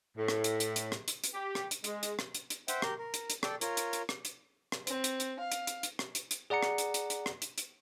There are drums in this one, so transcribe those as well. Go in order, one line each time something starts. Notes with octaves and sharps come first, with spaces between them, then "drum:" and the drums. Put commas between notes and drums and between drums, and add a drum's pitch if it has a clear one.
A2
drum: rim click
drum: hi-hat
drum: hi-hat
drum: hi-hat
drum: rim click
drum: hi-hat
drum: hi-hat
G4
drum: rim click
drum: hi-hat
G#3, drum: hi-hat
drum: hi-hat
drum: rim click
drum: hi-hat
drum: hi-hat
C5 E5 F#5 G5, drum: hi-hat
G4 A#4 G6, drum: rim click
A#4
drum: hi-hat
drum: hi-hat
A4 D5 G5, drum: rim click
F4 A#4 C#5, drum: hi-hat
drum: hi-hat
drum: hi-hat
drum: rim click
drum: hi-hat
drum: rim click
C4, drum: hi-hat
drum: hi-hat
drum: hi-hat
F5
drum: hi-hat
drum: hi-hat
drum: hi-hat
drum: rim click
drum: hi-hat
drum: hi-hat
G#4 D5 F#5 A#5 C#7
drum: rim click
drum: hi-hat
drum: hi-hat
drum: hi-hat
drum: rim click
drum: hi-hat
drum: hi-hat